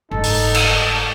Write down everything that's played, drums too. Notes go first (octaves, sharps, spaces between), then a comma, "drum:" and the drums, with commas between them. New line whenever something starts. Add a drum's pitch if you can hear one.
F#1 G#2 G3 D#4 A4
drum: open hi-hat
drum: cymbal